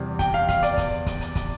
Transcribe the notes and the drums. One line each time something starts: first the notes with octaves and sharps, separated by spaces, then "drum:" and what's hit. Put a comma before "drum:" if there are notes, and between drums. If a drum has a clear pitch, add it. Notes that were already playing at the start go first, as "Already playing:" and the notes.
Already playing: E2 C3 G3
G5, drum: kick, hi-hat
F5
F5, drum: kick, hi-hat
D5, drum: hi-hat
drum: kick, hi-hat
drum: kick, hi-hat
drum: hi-hat
drum: kick, hi-hat